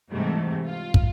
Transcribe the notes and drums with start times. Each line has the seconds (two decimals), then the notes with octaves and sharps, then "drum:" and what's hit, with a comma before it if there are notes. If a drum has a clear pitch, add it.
0.11 G#2 C3 E3 G3 A3
0.68 F4
0.94 drum: kick